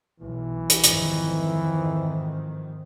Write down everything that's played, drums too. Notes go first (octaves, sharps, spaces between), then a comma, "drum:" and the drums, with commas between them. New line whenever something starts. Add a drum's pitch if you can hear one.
B1 E3
drum: hi-hat
F2 G#2 D#3, drum: hi-hat